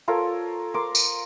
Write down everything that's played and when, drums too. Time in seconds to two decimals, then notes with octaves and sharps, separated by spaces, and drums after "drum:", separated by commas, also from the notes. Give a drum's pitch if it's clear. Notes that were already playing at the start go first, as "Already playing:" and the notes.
0.08 F4 A4 A#4 C#5
0.74 A#4 C6 D6
0.95 drum: tambourine